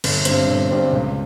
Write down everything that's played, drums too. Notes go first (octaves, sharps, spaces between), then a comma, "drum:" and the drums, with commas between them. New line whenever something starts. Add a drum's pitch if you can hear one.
G1, drum: cymbal
G2 G3 C4, drum: hi-hat
G1
G2 G3 C4
C#2